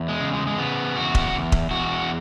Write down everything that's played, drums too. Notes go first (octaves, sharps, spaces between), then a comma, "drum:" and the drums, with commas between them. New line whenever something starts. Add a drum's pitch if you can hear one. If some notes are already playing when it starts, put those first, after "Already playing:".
Already playing: E2
G#3
C#3
G#3
G#3
C#3 B3
E2 F#4
drum: kick D#1
E2
drum: kick D#1
E2 F#4